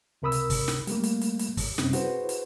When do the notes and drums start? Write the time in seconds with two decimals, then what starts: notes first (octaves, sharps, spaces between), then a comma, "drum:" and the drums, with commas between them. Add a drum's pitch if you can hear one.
0.22 C#2 C3 A#4 B5 D#6 E6
0.32 drum: hi-hat
0.50 drum: kick, open hi-hat
0.68 drum: snare
0.87 G3 A3 A#3, drum: hi-hat
1.03 drum: hi-hat
1.21 drum: hi-hat
1.39 drum: hi-hat
1.57 drum: kick, open hi-hat
1.78 F#2 C3 G3 C4 C#4, drum: snare
1.93 E4 F#4 G#4 B4 C5, drum: hi-hat
2.29 drum: hi-hat